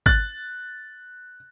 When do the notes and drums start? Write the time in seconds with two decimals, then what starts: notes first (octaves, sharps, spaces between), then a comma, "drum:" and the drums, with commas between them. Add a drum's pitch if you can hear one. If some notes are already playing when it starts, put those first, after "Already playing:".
0.06 F#6 A6, drum: kick G#1